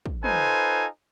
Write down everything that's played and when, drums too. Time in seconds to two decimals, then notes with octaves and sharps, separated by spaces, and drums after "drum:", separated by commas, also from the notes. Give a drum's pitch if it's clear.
0.06 drum: kick
0.24 D#4 F4 A4 B4 C5 G#5, drum: tom